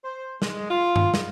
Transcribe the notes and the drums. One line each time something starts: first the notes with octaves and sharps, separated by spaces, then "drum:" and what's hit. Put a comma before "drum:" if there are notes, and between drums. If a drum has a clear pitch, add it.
C5
G#3, drum: snare
F4
drum: tom G2
drum: snare